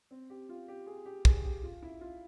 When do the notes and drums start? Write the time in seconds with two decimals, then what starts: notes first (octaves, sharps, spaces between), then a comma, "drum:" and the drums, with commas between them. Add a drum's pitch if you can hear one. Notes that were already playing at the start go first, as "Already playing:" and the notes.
0.11 C4
0.30 G4
0.49 F4
0.68 G4
0.87 G#4
1.06 G4
1.25 G#4, drum: kick
1.44 G4
1.63 F4
1.82 E4
2.01 F4